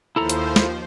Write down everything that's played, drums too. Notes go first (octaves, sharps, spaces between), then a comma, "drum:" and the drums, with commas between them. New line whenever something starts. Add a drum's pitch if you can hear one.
D#2 F3 E4 A4 C5 A#5
drum: hi-hat
drum: snare